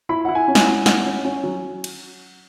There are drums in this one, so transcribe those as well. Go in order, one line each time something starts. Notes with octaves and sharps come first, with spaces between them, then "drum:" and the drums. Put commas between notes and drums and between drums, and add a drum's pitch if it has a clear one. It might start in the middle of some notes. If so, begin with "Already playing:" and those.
E4 B5
E4 F#5
G#5
C#4
G#5, drum: snare
F#5
E4
C#4 F#5, drum: snare
C#4
C#4
F#3
drum: cymbal